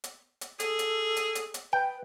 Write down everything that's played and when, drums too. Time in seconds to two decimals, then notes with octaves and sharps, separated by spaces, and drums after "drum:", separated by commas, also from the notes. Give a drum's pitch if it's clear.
0.04 drum: hi-hat
0.41 drum: hi-hat
0.60 G#4 A4, drum: hi-hat
0.79 drum: hi-hat
1.16 drum: hi-hat
1.35 drum: hi-hat
1.54 drum: hi-hat
1.73 B4 G5